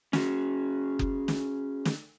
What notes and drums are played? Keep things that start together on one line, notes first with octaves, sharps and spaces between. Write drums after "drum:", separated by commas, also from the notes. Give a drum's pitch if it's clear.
C#4 F#4 G#4, drum: snare
drum: kick F#1
drum: snare
drum: snare